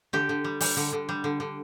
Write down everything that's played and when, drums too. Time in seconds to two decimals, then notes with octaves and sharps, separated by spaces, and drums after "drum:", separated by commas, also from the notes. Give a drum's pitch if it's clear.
0.13 D3 G4
0.29 D3
0.44 G3
0.61 G3, drum: open hi-hat
0.77 D3
0.93 D3
1.09 G3
1.24 D3
1.40 D3